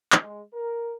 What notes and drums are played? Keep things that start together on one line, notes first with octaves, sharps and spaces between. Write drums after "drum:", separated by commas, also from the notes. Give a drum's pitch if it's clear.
drum: clap
G#3
A#4